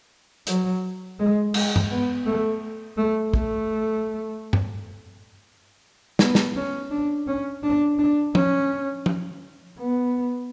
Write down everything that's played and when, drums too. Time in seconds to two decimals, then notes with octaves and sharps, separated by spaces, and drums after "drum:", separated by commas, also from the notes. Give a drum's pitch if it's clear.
0.47 F#3, drum: hi-hat
1.19 G#3
1.54 G#3, drum: cymbal
1.76 drum: tom G2
1.90 B3
2.26 A3
2.97 A3
3.34 A3, drum: kick
4.53 drum: tom G2
6.19 B3, drum: snare
6.35 drum: snare
6.56 C#4
6.91 D4
7.27 C#4
7.63 D4
7.98 D4
8.35 C#4, drum: tom
9.06 drum: tom
9.78 B3